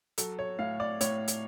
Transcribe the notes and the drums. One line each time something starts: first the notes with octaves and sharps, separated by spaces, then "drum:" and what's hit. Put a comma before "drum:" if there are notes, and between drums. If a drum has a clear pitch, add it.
F#3 A4, drum: hi-hat
C#5
A2 F5
D5
A2 C#5, drum: hi-hat
drum: hi-hat